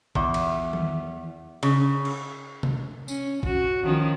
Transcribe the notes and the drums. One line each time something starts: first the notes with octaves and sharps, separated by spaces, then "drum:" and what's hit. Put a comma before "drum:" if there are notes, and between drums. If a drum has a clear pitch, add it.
E2, drum: kick
drum: cymbal
drum: tom D#3
C#3, drum: cymbal
drum: cymbal
drum: tom C3
C#4, drum: tambourine
F#4, drum: kick
D#3 F3 C#4